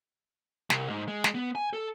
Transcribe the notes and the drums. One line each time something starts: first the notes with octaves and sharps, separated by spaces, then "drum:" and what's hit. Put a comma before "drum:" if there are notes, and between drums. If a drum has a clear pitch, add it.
C2, drum: snare
G#2
G#3
drum: snare
B3
G#5
A4